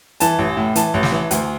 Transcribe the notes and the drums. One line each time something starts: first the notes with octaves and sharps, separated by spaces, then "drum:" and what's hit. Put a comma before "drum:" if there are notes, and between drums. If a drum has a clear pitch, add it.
E3 A5, drum: hi-hat
A1
A2
E3 A5, drum: hi-hat
A1
drum: snare
E3
D2, drum: hi-hat